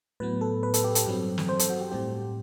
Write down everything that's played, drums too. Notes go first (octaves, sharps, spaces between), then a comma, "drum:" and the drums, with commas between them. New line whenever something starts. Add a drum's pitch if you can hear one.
A2 F#3 B3 B4
A4
B4
A4, drum: hi-hat
G4
A4, drum: hi-hat
G2 F#3 C4
drum: snare
C5
A4, drum: hi-hat
F#4
G4
A2 G3 C4 G4